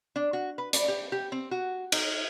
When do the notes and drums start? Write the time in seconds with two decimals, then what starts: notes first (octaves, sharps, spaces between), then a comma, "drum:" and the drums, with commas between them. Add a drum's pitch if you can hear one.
0.16 D4
0.33 F#4
0.58 B4
0.73 D5, drum: hi-hat
0.88 G4
1.12 G4
1.32 C4
1.51 F#4
1.92 D#4, drum: cymbal